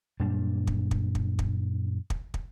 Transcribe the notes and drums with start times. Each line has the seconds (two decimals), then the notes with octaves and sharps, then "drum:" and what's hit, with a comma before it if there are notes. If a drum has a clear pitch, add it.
0.20 F#2 A#2 G3 D4
0.67 drum: kick
0.91 drum: kick
1.15 drum: kick
1.39 drum: kick
2.10 drum: kick
2.34 drum: kick